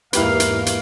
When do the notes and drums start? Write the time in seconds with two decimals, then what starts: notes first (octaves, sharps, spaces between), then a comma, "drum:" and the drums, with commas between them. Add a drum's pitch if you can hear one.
0.13 E2 G#2 A#3 E4 G4 A#4 B4 F5, drum: hi-hat
0.40 drum: hi-hat
0.66 drum: hi-hat